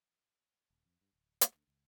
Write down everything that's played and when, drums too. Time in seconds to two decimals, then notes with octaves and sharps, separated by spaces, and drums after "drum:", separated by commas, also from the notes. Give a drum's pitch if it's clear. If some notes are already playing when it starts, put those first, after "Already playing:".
0.70 D#1
0.85 F2
1.01 G2
1.13 D1
1.41 D2, drum: hi-hat
1.55 D2
1.68 C#2